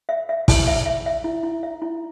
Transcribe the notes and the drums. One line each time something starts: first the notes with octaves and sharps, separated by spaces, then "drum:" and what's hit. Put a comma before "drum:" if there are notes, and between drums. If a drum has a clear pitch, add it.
E5
E5
E4, drum: kick, open hi-hat
E5
E5
E5
E4
E4
E5
E4